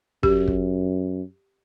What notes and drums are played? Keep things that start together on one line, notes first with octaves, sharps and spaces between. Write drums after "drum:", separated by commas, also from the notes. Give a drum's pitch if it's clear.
F#2 G4, drum: kick
drum: kick